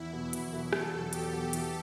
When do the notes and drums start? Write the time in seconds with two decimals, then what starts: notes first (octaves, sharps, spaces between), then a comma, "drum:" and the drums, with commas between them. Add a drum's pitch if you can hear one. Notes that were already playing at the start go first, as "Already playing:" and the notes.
Already playing: E2 E4
0.13 B2 F#3 B3
0.33 E2, drum: hi-hat
0.53 B2 F#3 B3
0.73 E2 A4, drum: rim click
0.93 B2 F#3
1.13 E2 G4, drum: hi-hat
1.33 B2 F#3
1.53 E3, drum: hi-hat